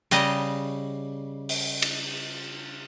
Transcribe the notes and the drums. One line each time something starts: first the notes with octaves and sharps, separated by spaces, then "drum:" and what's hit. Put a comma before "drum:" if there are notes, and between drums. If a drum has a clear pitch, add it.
C#3 G3 D#5 A#5, drum: hi-hat
drum: open hi-hat
drum: cymbal